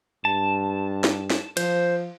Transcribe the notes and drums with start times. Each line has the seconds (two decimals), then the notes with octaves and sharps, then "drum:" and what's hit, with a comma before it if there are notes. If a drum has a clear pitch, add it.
0.25 G2 A5
1.04 drum: snare
1.30 drum: snare
1.57 F3 C5, drum: cymbal